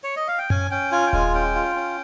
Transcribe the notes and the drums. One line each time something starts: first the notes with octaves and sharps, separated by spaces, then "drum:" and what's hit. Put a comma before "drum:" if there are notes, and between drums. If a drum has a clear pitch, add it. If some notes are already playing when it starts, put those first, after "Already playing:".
C#5
D#5
F5
G5
C#4 G#5, drum: tom F#2
C#4 G5
F4 G#5
G5
G#3 G#5, drum: kick D#1
C#4 G5
F4
C#4